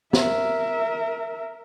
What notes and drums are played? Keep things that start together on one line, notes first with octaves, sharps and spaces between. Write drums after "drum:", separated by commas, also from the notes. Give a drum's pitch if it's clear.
A#4 E5, drum: snare